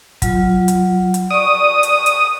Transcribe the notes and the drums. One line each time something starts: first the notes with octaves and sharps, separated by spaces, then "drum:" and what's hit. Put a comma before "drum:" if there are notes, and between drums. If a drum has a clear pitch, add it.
F#3 F4, drum: kick, hi-hat
drum: hi-hat
drum: hi-hat
D5 C#6 D#6
drum: hi-hat
drum: hi-hat